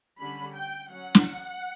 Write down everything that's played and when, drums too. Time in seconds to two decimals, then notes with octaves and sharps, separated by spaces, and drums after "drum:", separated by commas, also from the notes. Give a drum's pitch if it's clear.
0.19 D3 G3 C#4 B5
0.55 G5
0.91 F#3 C#4 F#5
1.15 drum: snare